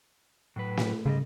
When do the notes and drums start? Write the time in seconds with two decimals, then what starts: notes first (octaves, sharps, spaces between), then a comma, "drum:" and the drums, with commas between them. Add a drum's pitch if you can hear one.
0.56 A2 F#3 B4
0.77 drum: snare
1.06 G#2 C#3 G3 D#5